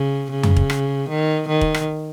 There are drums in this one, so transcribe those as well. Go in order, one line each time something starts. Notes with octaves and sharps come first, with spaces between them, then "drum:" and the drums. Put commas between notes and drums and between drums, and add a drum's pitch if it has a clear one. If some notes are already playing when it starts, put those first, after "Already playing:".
Already playing: C#3
C#3
drum: tom F2
drum: kick E1
drum: rim click
D#3
D#3
drum: kick E1
drum: rim click